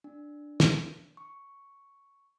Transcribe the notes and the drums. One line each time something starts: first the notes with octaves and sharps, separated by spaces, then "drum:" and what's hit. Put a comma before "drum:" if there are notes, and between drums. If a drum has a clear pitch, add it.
D4
drum: snare
C#6